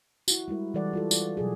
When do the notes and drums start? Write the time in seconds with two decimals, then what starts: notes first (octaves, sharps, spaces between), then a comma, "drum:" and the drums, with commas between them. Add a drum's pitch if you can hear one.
0.28 E4 F#4, drum: tambourine
0.48 G3 G#3 E4 A#4
0.74 E3 G3 A4 D5 F#5
0.93 F4 F#4 A4
1.11 F4 D5, drum: tambourine
1.37 B2 F#3 G#4